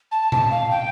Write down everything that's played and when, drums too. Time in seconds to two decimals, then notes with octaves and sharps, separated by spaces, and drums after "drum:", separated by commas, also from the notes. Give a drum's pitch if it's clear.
0.12 A5
0.32 A5, drum: tom A#2
0.51 F5
0.70 G5